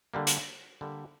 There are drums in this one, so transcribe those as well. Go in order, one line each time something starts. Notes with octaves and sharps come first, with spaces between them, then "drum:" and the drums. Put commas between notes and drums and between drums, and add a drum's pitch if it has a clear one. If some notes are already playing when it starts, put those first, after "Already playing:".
D3 G3 A#3
drum: hi-hat
D3 G3 A#3